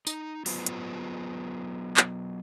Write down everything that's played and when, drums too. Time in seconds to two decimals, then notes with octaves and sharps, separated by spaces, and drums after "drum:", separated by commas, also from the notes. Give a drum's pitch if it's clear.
0.07 D#4, drum: tambourine
0.46 F#3 B3 F4 B4 C5, drum: open hi-hat
0.66 drum: hi-hat
1.97 drum: clap